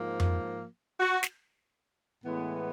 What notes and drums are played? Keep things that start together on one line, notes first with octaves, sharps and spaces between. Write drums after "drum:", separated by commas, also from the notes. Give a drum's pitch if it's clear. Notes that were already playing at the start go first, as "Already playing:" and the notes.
Already playing: G#2 F3 A#3
drum: tom F2
F#4
drum: snare
A2 E3 G#3 B3